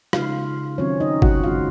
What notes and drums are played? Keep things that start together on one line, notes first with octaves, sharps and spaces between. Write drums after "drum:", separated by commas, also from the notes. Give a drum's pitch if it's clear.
C#3 G#3 D#4 F4 F5, drum: rim click
D#3 F#3 C4 C#4 F4 C#5
D#4 D#5
F#4 F#5, drum: kick
C#3 G#3 C4 F4 F5